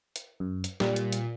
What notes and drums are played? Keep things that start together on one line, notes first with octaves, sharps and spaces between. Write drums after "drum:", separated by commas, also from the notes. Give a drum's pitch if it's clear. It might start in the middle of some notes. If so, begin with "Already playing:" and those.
drum: hi-hat
F#2
drum: hi-hat
A#2 G3, drum: snare
drum: hi-hat
drum: hi-hat